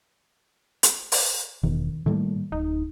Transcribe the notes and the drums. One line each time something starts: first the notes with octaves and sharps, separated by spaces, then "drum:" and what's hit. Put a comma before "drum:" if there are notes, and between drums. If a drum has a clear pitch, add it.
drum: hi-hat
drum: open hi-hat
E1 D#3
A2 D#3 G3 A#3
D1 D#4